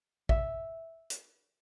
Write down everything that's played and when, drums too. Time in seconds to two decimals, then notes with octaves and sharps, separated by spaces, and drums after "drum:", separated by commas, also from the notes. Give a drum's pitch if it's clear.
0.29 E5, drum: kick
1.10 drum: hi-hat